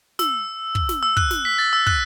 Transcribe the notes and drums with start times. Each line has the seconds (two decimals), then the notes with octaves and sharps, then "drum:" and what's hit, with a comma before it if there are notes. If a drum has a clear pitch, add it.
0.19 E6, drum: snare
0.75 drum: kick
0.89 drum: snare
1.03 E6
1.17 F#6, drum: kick
1.31 drum: snare
1.45 B6
1.58 A6
1.73 E6
1.87 F#6, drum: kick